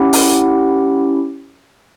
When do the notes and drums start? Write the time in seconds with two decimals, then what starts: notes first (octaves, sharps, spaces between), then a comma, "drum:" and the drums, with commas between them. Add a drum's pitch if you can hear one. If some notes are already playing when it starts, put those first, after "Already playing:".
Already playing: C#4 E4 G4 F#5
0.13 drum: open hi-hat